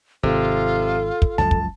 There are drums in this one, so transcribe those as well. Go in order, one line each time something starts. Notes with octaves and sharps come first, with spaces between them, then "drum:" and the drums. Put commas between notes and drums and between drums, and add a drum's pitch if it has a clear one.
G#1 C3 F4 A4
drum: kick
C#2 F#2 F3 A5
drum: kick